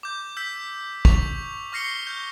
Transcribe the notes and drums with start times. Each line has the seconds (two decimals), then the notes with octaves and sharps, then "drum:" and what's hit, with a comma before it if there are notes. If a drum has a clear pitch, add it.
0.03 D6 G6
0.37 E6 G6 B6
1.05 C#6 F7, drum: kick
1.72 C#6 F6 A#6 C7 C#7 G7
2.07 F6 G6